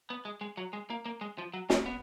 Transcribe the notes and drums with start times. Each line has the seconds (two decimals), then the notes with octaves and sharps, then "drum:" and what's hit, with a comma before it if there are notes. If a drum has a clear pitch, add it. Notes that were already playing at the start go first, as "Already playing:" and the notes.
0.10 B3
0.25 G#3
0.41 G#3
0.57 F#3
0.73 G#3
0.90 A#3
1.06 A#3
1.21 G#3
1.38 F3
1.54 F#3
1.70 G#3, drum: snare
1.86 B3